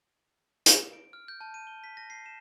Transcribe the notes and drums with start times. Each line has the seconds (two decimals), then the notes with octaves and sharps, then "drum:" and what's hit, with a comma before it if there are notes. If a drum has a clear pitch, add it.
0.66 drum: hi-hat
0.93 D7
1.13 F6
1.28 G6
1.41 A5
1.54 D#7
1.67 G7
1.84 B6
1.97 A#6
2.10 C7
2.26 E7